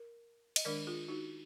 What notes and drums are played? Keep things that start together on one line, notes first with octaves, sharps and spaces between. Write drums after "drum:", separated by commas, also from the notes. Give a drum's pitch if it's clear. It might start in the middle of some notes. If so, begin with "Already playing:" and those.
Already playing: A#4
D#5, drum: cymbal
D#3 G#3 D4 A#4 D5
F4 G#4
D#4 F#4